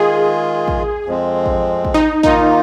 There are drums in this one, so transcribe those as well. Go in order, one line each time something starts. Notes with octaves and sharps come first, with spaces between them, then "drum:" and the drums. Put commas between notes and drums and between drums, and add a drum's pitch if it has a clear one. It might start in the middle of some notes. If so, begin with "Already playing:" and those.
Already playing: D#3 G#3 F4 G#4
drum: kick
F2 F3 G#3 C4
drum: kick
drum: kick
D#4
D#3 A#3 D#4 F4, drum: kick